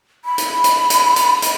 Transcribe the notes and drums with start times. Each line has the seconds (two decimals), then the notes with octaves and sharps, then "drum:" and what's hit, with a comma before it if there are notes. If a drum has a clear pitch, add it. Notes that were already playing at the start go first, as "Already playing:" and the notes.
0.25 B5
0.38 drum: hi-hat
0.64 drum: hi-hat
0.90 drum: hi-hat
1.16 drum: hi-hat
1.42 drum: hi-hat